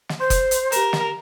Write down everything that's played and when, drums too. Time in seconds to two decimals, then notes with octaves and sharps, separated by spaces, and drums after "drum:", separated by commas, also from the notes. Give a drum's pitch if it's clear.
0.09 drum: snare
0.20 C5 C6 G6
0.30 drum: kick F#1, hi-hat
0.51 drum: hi-hat
0.72 G4 A#4 E7, drum: hi-hat
0.93 drum: snare